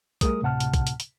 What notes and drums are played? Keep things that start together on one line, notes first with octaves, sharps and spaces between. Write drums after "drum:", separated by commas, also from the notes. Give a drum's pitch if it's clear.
G3 A3 G#4 A#4 D#6, drum: kick, hi-hat
D2 A2 C3 F#5 A5 F6
drum: hi-hat
drum: kick, hi-hat
drum: hi-hat
drum: hi-hat